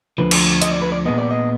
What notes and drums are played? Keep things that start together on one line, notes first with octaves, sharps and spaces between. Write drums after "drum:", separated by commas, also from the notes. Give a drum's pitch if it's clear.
D2 D3 F3 B4
drum: cymbal
D#5, drum: hi-hat
D5
B4
D5
A#2 G#3 B3 D#5
D5
D#5